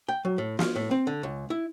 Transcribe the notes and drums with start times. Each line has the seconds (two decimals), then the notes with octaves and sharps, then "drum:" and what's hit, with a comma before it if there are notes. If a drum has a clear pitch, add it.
0.08 G5
0.25 F#3
0.38 A2
0.59 F4, drum: snare
0.76 A2
0.91 C4
1.07 D3
1.23 C#2
1.50 E4